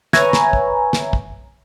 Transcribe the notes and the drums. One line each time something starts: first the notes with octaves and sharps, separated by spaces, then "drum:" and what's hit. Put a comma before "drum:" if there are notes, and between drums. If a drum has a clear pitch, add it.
B4 C#5 E5 G#5 A#5, drum: snare
drum: snare
drum: kick
drum: snare
drum: kick